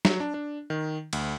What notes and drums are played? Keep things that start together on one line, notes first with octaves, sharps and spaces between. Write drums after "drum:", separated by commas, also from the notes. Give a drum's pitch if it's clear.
F#3, drum: snare
D4
D4
D#3
D2, drum: cymbal